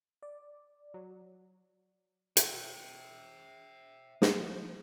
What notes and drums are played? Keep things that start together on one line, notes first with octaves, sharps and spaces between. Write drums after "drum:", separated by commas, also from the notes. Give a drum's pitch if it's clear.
D5
F#3
E5 G5, drum: hi-hat
F3, drum: snare